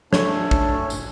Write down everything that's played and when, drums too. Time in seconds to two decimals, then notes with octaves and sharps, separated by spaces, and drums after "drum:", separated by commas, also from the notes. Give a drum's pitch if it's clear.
0.13 A3 C#4 D4 A4 C#5, drum: snare
0.51 drum: kick
0.90 drum: tambourine